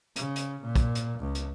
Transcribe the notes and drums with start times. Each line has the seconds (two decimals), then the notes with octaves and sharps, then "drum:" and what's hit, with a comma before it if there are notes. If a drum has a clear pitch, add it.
0.16 C#3, drum: hi-hat
0.36 drum: hi-hat
0.64 A#2
0.76 drum: kick, hi-hat
0.95 drum: hi-hat
1.20 C#2
1.35 drum: hi-hat